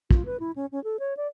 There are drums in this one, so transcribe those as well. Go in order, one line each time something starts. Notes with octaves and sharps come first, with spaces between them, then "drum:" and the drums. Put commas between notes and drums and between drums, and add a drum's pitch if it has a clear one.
F4, drum: kick
B4
E4
C#4
C#4
A4
C#5
D5